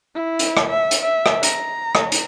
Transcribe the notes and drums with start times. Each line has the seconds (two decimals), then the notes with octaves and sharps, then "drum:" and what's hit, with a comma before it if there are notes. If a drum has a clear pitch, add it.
0.15 E4
0.39 drum: hi-hat
0.57 drum: rim click
0.70 E5
0.91 drum: hi-hat
1.01 E5
1.26 drum: rim click
1.43 A#5, drum: hi-hat
1.95 drum: rim click
2.12 drum: hi-hat